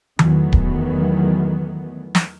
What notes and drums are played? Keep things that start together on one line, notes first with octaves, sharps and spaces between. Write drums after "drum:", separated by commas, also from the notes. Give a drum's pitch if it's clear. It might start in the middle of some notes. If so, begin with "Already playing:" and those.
E2 D#3 E3 F#3 A3 B3, drum: tom D#3
drum: kick D1
drum: snare